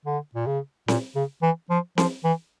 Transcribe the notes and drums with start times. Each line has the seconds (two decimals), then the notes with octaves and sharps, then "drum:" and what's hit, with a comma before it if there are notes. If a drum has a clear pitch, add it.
0.06 D3
0.35 A#2
0.46 C#3
0.88 A#2, drum: snare C4
1.15 C#3
1.42 E3
1.70 F3
1.98 F3, drum: snare C4
2.24 E3